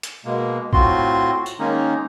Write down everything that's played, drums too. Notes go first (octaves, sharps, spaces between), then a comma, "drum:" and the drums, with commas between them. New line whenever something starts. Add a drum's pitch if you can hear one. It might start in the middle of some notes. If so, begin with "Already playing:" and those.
drum: hi-hat
B2 G#3 A#3
A2 C4 F4 F#4 C6, drum: kick
drum: tambourine
D#3 G#3 A#3 C#4 D#4